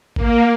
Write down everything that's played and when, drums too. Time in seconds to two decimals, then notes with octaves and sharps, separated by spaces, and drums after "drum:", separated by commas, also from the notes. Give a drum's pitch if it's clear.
0.16 A#3, drum: kick G#1